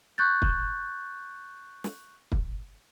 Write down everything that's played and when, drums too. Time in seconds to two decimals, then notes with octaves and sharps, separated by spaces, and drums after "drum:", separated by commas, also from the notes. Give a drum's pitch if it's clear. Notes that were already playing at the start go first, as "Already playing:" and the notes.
0.18 C#6 F#6 G6 A6
0.42 drum: kick
1.84 drum: snare
2.32 drum: kick